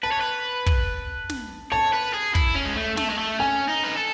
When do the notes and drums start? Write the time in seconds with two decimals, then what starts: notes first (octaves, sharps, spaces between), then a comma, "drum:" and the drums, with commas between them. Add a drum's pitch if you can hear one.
0.03 B4 A5
0.12 C#5
0.21 B4
0.66 drum: kick
1.29 drum: snare
1.72 C#5 A5
1.93 B4
2.14 G#4
2.35 E4, drum: kick
2.56 C#4
2.66 G#3
2.76 A3
2.97 A3, drum: snare
3.10 G#3
3.18 A3
3.39 C#4 G#5
3.68 D#4
3.84 B4
3.96 A4